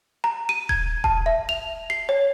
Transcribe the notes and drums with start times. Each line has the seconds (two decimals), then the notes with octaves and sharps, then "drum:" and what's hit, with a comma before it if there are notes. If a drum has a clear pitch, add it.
0.24 A#5
0.49 D#7
0.69 G#6, drum: kick D#1
1.04 A5, drum: kick D#1
1.26 E5
1.49 F7
1.90 C7
2.09 C#5